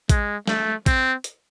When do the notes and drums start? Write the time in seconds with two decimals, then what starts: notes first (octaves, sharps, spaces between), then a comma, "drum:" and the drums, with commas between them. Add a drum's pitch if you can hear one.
0.09 G#3, drum: kick, hi-hat
0.47 A3, drum: snare
0.86 C4, drum: kick, hi-hat
1.24 drum: hi-hat